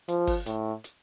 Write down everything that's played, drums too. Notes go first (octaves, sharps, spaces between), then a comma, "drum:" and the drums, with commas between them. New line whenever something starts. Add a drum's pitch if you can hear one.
F3, drum: hi-hat
drum: kick G1, open hi-hat
A2, drum: hi-hat
drum: hi-hat